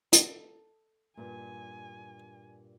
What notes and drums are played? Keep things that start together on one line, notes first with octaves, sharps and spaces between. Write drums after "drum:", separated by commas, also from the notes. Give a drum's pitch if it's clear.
D#4 A4, drum: hi-hat
G2 A#2 G#5